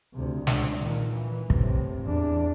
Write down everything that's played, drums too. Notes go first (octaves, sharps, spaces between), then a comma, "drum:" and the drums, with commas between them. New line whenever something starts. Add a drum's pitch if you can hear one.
D2 C3
C#2 D4, drum: snare
A#2 D#3
E3
A2 C3, drum: kick
E2 D4